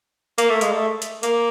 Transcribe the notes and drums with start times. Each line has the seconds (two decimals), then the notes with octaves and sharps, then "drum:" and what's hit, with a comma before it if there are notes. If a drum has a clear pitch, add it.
0.38 A#3, drum: hi-hat
0.50 A3
0.61 G#3, drum: hi-hat
0.72 A3
1.02 drum: hi-hat
1.23 A#3, drum: hi-hat